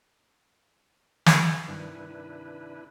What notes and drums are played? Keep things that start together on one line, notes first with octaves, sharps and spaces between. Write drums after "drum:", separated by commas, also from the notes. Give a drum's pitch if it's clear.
drum: snare
G2 C3 D#3 D4 E4 B4